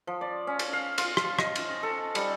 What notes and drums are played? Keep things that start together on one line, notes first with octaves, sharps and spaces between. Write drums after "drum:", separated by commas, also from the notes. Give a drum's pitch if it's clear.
F3
D5
C#4
drum: cymbal
F5
F4, drum: cymbal
drum: rim click
D#5, drum: rim click
drum: cymbal
A4
G3, drum: cymbal